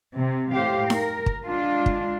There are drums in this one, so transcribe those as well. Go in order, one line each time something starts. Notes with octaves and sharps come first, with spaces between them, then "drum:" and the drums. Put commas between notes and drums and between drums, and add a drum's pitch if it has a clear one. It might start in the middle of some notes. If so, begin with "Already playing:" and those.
C3
A2 G4 C5 F5
A#4, drum: snare D#4
drum: kick
G#3 D4 F4
drum: kick